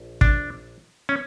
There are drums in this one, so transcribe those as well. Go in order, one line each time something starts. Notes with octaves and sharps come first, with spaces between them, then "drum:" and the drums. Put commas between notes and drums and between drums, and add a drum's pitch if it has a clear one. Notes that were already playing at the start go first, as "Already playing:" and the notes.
Already playing: A#1
D4, drum: kick
C#4